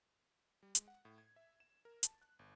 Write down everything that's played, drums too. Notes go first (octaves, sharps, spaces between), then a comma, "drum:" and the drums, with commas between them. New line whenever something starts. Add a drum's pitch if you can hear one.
G3
G#3, drum: hi-hat
F#5
A2
G#6
E5
E7
A#4
A5, drum: hi-hat
F#6
G1